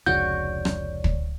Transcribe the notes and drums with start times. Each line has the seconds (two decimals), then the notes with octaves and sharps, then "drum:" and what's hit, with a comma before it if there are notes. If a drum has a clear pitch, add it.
0.06 F1 C#2 F#4 C#5 D5 G6
0.65 drum: rim click
1.04 drum: kick